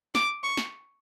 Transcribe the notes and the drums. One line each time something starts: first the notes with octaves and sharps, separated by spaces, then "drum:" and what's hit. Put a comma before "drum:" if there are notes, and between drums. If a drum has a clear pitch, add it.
D6, drum: snare
C#6
drum: snare